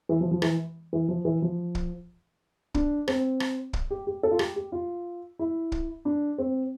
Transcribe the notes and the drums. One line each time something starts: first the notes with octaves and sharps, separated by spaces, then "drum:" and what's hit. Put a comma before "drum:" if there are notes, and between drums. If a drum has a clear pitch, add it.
E3
F3
F3
E3, drum: rim click
E3
F3
E3
F3
drum: kick
D4, drum: kick
C4, drum: rim click
drum: rim click
drum: kick
G4
G4
A4
F4
G4, drum: rim click
G4
F4
E4
drum: kick
D4
C4